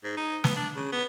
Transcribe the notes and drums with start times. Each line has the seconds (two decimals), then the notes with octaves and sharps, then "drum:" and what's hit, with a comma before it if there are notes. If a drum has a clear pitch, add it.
0.04 G#2
0.17 D#4
0.44 B3, drum: snare
0.56 D4
0.76 C#3
0.92 B3